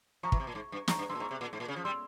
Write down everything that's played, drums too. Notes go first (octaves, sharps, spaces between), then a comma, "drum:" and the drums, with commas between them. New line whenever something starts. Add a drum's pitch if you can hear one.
F3 A#5 C#6
E3, drum: kick
C3
A#2
G#2
G2
G#2 A#5 C#6, drum: snare
G2
G2 C6 E6
A#2
G#2 A#5 C#6
C3
A#2
G#2
A#2
C#3
F3
G3 C6 E6